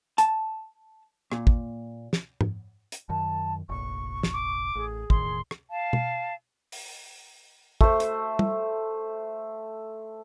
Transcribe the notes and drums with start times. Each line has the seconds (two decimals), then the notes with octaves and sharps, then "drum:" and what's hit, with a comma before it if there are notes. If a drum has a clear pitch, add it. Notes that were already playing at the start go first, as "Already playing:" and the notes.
0.18 A5, drum: hi-hat
1.32 A#2, drum: rim click
1.47 drum: kick
2.13 drum: snare
2.41 drum: tom
2.92 drum: hi-hat
3.09 F#2 D#3 A5
3.69 F1 A#1 C#6
4.23 drum: snare
4.34 D6
4.75 A1 G#4
5.10 E1 A2 D#3 C6, drum: kick
5.51 drum: rim click
5.69 F5 A5
5.93 drum: tom
6.72 drum: open hi-hat
7.81 A3 C5, drum: kick
8.00 drum: hi-hat
8.39 drum: tom